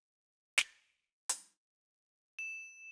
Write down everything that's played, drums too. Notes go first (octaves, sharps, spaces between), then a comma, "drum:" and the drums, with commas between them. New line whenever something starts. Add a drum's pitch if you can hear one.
drum: snare
drum: hi-hat
E7